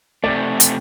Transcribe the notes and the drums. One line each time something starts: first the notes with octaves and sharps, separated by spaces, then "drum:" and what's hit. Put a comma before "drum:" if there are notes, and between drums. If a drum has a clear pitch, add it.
C3 A3 D5
drum: hi-hat